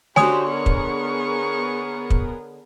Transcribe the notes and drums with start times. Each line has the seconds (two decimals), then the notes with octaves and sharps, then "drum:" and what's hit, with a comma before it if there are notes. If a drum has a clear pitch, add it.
0.16 D3 F#4 G4 C5 C#5 G#5 D#6, drum: snare
0.48 B3 G#4 A#4 C#6
0.66 drum: kick
2.10 drum: kick